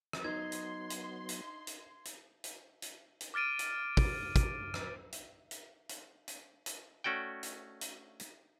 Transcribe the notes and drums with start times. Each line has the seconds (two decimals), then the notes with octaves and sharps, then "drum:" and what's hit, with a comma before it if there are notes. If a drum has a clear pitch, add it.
0.13 drum: rim click
0.24 F#3 B3 D#4 C6 G#6
0.52 drum: hi-hat
0.90 drum: hi-hat
1.29 drum: hi-hat
1.67 drum: hi-hat
2.05 drum: hi-hat
2.44 drum: hi-hat
2.82 drum: hi-hat
3.20 drum: hi-hat
3.34 D6 F6 A6 D7 D#7
3.59 drum: hi-hat
3.97 drum: kick, open hi-hat
4.36 drum: kick, hi-hat
4.74 drum: rim click
5.12 drum: hi-hat
5.51 drum: hi-hat
5.89 drum: hi-hat
6.28 drum: hi-hat
6.66 drum: hi-hat
7.04 A3 C#4 F#4 D5 G5
7.43 drum: hi-hat
7.81 drum: hi-hat
8.20 drum: hi-hat